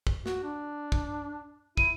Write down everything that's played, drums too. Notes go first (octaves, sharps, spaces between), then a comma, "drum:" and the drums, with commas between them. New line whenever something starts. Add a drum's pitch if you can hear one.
drum: kick
F#4, drum: snare
D4
drum: kick
E4 D#7, drum: kick